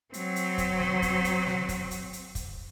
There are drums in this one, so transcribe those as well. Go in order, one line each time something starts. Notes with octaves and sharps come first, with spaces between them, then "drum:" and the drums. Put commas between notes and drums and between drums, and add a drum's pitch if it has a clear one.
F#3 C4, drum: hi-hat
drum: hi-hat
drum: kick, hi-hat
drum: snare
drum: kick, hi-hat
drum: hi-hat
drum: snare
drum: kick, hi-hat
drum: hi-hat
drum: hi-hat
drum: kick, hi-hat